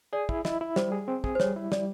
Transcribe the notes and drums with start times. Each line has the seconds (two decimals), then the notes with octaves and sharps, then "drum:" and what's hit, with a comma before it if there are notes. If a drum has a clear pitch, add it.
0.13 G#4 D5
0.29 E4, drum: kick
0.45 E4 D#5, drum: snare
0.61 E4
0.76 G3 C5, drum: snare
0.92 G#4
1.08 C4
1.24 G#4, drum: kick
1.35 C5
1.40 G3 C#5, drum: snare
1.56 E4
1.72 G3 D5, drum: snare